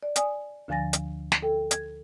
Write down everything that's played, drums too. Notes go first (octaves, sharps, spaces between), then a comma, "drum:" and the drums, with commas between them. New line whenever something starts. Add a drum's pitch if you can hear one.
D5
D5 G#5 D#6, drum: hi-hat
D2 D3 F3 G#5 A6 A#6
drum: hi-hat
drum: snare
A4 G5
G#6, drum: hi-hat